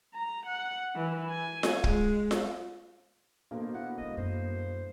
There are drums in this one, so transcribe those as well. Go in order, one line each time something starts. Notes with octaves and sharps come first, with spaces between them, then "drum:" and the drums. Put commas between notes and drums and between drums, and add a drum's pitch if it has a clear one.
A#5
F#5
E3
G#5
drum: snare F4
G#3, drum: kick
drum: snare F4
B2 A#3 D4 A4 C5
E4 F#5
D#3 G#3 D#5
F#2 G3 C5